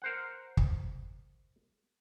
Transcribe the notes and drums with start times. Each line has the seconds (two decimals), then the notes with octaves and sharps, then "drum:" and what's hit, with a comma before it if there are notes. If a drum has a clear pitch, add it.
0.02 A#4 C5 F#5
0.57 drum: kick